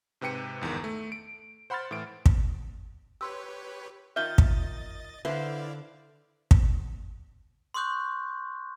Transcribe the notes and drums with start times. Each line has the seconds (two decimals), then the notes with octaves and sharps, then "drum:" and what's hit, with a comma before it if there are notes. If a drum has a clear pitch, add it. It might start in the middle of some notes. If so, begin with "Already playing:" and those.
0.21 G#2 C3 B4 G5 C#7 D#7
0.61 G1 E2 G#2 D#3
0.84 A3
1.12 D7
1.70 C5 F#5 B5 C6 F6 A6
1.91 A2 E3 D7
2.26 drum: kick
3.21 G4 B4 C#5 C6 E6
4.16 D#3 F4 D#5 E5 F6 G6 A6 G7
4.38 drum: kick
5.25 D3 E4 A4 B4 C5 D5 E5 F5
6.51 drum: kick
7.74 C6 C#6 D#6 F#6 G6